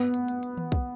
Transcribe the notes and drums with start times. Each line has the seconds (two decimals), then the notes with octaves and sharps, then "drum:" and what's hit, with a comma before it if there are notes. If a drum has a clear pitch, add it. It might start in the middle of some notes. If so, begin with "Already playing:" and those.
Already playing: B3
0.14 drum: hi-hat
0.28 drum: hi-hat
0.43 drum: hi-hat
0.57 drum: tom D#3
0.72 drum: kick, hi-hat